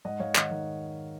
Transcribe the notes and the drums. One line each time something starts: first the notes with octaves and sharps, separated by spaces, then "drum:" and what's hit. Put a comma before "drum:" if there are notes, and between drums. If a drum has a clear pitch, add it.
G#2 D#5 F#5
G#2 C#5 F5
D#3 D#5 F#5, drum: clap
D#3